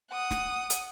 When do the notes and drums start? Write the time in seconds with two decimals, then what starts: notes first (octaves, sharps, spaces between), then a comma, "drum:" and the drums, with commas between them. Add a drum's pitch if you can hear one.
0.11 F#5 D#6
0.31 drum: snare
0.70 drum: hi-hat